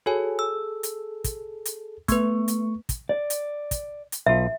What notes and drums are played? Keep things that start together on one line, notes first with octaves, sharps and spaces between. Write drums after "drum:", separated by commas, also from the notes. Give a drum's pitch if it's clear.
F#4 G#4 A4 C#5 G#5
E6
drum: hi-hat
drum: kick, hi-hat
drum: hi-hat
A3 B3 B4 C#6, drum: kick, hi-hat
drum: hi-hat
drum: kick, hi-hat
D5
drum: hi-hat
drum: kick, hi-hat
drum: hi-hat
B1 F4 E5